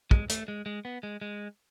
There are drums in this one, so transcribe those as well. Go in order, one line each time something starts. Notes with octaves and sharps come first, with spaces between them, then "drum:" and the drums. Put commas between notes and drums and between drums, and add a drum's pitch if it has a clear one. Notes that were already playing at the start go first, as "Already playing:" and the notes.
G#3, drum: kick
A3, drum: hi-hat
G#3
G#3
B3
G#3
G#3